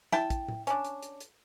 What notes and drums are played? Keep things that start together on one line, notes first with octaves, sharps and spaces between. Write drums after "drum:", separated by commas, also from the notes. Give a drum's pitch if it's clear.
E4 G5 A5, drum: snare
drum: kick, hi-hat
drum: tom A2
C#4 D4, drum: hi-hat
drum: hi-hat
drum: hi-hat
drum: hi-hat